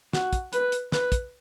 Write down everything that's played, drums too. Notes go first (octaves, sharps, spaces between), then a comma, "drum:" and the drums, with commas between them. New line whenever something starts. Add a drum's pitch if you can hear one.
F#4, drum: snare
drum: kick, hi-hat
B4, drum: hi-hat
drum: hi-hat
B4, drum: snare
drum: kick, hi-hat